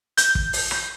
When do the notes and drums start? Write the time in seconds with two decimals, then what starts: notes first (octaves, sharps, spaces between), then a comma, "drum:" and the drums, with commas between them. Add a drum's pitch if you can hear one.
0.17 G6, drum: hi-hat
0.35 drum: kick
0.53 drum: open hi-hat
0.71 drum: rim click